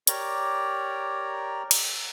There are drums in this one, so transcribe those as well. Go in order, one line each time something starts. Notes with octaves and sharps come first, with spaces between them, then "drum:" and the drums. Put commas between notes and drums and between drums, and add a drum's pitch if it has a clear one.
G4 A#4 C#5 D5 A#5, drum: hi-hat
drum: cymbal